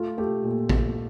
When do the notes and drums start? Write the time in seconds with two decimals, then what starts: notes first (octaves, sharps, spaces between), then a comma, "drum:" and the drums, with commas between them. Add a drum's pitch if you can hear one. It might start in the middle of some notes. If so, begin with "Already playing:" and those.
Already playing: A3 F4
0.18 A3 G4
0.44 A#2
0.69 A#2, drum: kick A1